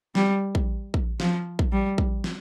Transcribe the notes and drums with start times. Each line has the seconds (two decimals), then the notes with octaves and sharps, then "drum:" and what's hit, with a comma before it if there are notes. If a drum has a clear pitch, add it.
0.15 G3, drum: snare
0.55 drum: kick
0.94 drum: kick
1.20 F3, drum: snare
1.59 drum: kick
1.72 G3
1.98 drum: kick
2.24 drum: snare